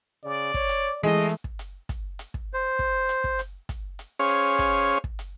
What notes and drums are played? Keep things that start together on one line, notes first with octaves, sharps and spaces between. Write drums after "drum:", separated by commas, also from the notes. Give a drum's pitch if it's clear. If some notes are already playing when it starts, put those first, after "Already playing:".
C#3 D5
C#5, drum: kick
drum: hi-hat
E3 G#3 A3 E4 D#5
drum: hi-hat
drum: kick
drum: hi-hat
drum: kick, hi-hat
drum: hi-hat
drum: kick
C5
drum: kick
drum: hi-hat
drum: kick
drum: hi-hat
drum: kick, hi-hat
drum: hi-hat
C#4 G#4 C5 C#5 F5
drum: hi-hat
drum: kick, hi-hat
drum: kick
drum: hi-hat